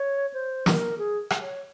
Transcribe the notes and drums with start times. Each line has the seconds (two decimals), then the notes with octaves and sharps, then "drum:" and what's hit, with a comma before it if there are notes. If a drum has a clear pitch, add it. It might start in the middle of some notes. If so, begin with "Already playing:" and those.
Already playing: C#5
0.34 C5
0.66 A#4, drum: snare
0.98 G#4
1.30 drum: rim click
1.41 C#5